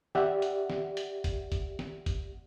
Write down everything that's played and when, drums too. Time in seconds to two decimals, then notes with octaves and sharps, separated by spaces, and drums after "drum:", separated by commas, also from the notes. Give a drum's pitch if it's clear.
0.15 G4 D5 E5 F#5, drum: snare
0.42 drum: hi-hat
0.70 drum: snare
0.97 drum: hi-hat
1.24 drum: kick G1, hi-hat
1.52 drum: kick G1, hi-hat
1.79 drum: snare
2.06 drum: kick G1, hi-hat